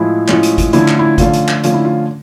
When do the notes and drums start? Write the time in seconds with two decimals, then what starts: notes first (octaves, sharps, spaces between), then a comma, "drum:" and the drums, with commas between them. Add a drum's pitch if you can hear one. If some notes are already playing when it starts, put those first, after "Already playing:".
Already playing: A2 F3 G#3 E4
0.28 A2 F3 G#3 C#4, drum: clap
0.43 drum: hi-hat
0.58 drum: kick, hi-hat
0.73 D3 F3 A3 C#4 E4, drum: hi-hat
0.88 drum: clap
0.99 E4
1.18 D3 F3 A3 C#4 F4, drum: kick, hi-hat
1.33 drum: hi-hat
1.49 drum: clap
1.64 D3 F3 A3 C#4 F4, drum: hi-hat
1.74 E4
1.85 F4